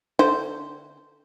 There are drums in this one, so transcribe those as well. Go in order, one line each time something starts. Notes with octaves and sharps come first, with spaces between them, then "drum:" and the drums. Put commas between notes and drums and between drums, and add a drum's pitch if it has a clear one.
D3 C5, drum: tom D4